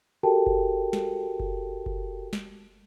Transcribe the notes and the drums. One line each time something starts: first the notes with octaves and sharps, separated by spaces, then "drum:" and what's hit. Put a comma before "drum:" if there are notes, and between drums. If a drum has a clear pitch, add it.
F#4 G4 A4 A#4 G5 A5
drum: kick F#1
drum: snare
drum: kick F#1
drum: kick F#1
drum: snare